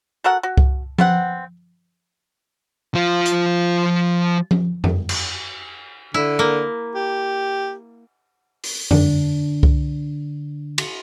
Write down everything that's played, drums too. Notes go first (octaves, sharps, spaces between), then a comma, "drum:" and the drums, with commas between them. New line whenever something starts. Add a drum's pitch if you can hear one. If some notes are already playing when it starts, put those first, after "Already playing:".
F#4 A4 A#4 F#5
F#4
drum: kick C2
B3 C4 F#5, drum: tom F3
F3 F4
drum: hi-hat
drum: tom F3
drum: tom F2
drum: cymbal
D3 E4
A#3
G4
drum: open hi-hat
D3 D4, drum: tom F2
drum: kick C2
drum: cymbal